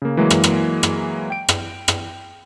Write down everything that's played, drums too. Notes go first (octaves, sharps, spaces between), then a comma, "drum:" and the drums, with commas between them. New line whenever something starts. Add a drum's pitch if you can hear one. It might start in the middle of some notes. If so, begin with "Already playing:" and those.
C#3 A#3
E3 F#3 G#3 A#3
drum: rim click
drum: rim click
drum: rim click
G5 D7
drum: rim click
drum: rim click